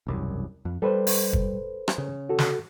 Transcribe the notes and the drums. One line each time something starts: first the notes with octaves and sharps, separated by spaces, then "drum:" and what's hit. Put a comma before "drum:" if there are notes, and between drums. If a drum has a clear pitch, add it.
E1 C2 F#2
F2
G3 A4 B4 C5
drum: open hi-hat
drum: kick
drum: rim click
C#3
F#4 A4
drum: snare